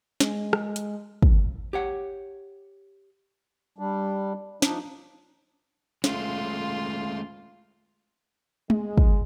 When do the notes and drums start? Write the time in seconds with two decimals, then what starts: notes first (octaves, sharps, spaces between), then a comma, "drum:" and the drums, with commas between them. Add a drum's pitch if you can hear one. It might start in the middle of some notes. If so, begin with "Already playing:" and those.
0.20 G#3, drum: snare
0.53 drum: rim click
0.76 drum: hi-hat
1.22 drum: kick
1.73 G4 C#5 F#5
3.78 G3 D4
4.62 F3 D4 D#4, drum: snare
6.04 G#3 A3 C#4 F4 C6, drum: snare
8.70 G#3, drum: tom G#3
8.98 drum: kick